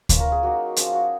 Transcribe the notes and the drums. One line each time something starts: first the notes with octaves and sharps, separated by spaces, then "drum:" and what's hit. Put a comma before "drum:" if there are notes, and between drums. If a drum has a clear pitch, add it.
A#3 C#4 F4 B4, drum: kick D2, hi-hat
A#4
G#4
F#3 A#3 D#4 F#4
F3 G#3 C#4 F4, drum: hi-hat
F#4